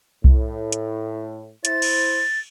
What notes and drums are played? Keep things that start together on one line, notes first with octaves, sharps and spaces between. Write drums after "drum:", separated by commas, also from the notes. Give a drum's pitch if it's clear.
A2, drum: kick C2
drum: hi-hat
E4 C5 A6, drum: hi-hat
drum: cymbal